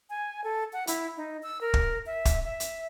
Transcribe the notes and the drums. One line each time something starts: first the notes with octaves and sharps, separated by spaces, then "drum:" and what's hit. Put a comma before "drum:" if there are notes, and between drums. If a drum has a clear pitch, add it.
G#5
A4
F#5
E4, drum: hi-hat
D#4
E6
A#4
drum: kick
E5
drum: kick, hi-hat
E5
drum: hi-hat